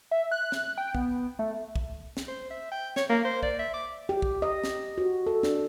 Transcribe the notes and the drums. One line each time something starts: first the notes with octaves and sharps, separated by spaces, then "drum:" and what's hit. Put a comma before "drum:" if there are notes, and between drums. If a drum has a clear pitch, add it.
E5
F#6
drum: snare
G5
B3, drum: kick
A3
drum: kick
drum: snare
C5
E5
G5
C#5, drum: snare
A#3
C5
D5, drum: kick
E5
D6
G4
drum: kick
D#5
drum: snare
F#4
A4
D4, drum: snare